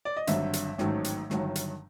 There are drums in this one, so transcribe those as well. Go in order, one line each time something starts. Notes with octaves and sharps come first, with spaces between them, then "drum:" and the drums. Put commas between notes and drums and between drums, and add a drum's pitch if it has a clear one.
D5
D#5
G#1 G2 D3 F#3 E5, drum: hi-hat
drum: hi-hat
A1 G#2 D#3 F#3 A3, drum: snare
drum: hi-hat
G1 G2 D#3 F#3, drum: snare
drum: hi-hat